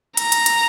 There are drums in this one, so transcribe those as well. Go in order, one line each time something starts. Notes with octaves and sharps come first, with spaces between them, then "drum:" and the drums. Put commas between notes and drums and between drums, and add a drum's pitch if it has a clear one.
A#5, drum: hi-hat
drum: hi-hat
drum: hi-hat